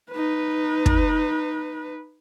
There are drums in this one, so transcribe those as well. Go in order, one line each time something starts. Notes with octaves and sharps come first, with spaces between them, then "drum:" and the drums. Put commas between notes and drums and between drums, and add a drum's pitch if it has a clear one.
D#4 B4
drum: kick